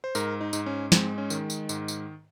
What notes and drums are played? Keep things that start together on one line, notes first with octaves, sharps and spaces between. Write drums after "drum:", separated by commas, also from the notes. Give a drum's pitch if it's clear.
C5
G#2 A#4, drum: tambourine
D#4
G#2, drum: tambourine
C#4
G#3 C4, drum: snare
C#4
D#3, drum: tambourine
drum: tambourine
G#2, drum: tambourine
drum: tambourine